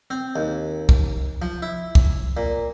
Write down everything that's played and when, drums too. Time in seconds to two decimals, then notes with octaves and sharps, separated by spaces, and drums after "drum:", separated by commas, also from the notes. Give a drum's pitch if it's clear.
0.10 C4
0.36 D#2
0.89 drum: kick
1.42 F3
1.62 E4
1.95 drum: kick
2.37 A#2